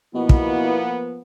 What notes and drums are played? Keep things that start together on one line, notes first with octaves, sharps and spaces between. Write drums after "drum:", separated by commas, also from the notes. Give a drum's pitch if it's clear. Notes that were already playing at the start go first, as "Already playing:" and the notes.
B2 F3 A#3 B3 E4
drum: kick